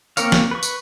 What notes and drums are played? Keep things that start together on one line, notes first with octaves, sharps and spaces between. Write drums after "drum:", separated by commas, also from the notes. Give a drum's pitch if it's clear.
A#3 C4 A#4 C#5 F5, drum: tambourine
drum: snare
B4 C#6
drum: tambourine